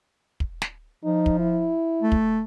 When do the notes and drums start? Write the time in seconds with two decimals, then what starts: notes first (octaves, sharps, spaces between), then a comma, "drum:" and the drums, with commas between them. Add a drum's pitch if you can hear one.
0.40 drum: kick
0.62 drum: snare
1.04 F3 D#4
1.26 drum: kick
1.40 E4
2.03 A3
2.12 drum: kick